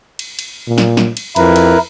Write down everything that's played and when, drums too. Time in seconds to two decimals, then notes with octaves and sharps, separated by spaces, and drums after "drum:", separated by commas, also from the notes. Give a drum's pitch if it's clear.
0.19 drum: cymbal
0.39 drum: cymbal
0.67 A#2
0.78 drum: snare
0.97 drum: snare
1.17 drum: cymbal
1.36 F2 E4 A#4 B4, drum: cymbal
1.56 drum: cymbal